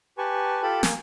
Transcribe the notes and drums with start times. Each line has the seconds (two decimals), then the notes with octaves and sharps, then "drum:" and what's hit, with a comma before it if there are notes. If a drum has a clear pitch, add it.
0.18 G4 B4 G#5 A5 C#6
0.63 F4 G4 A4 G5 A5 B5
0.83 A#3 G#5, drum: snare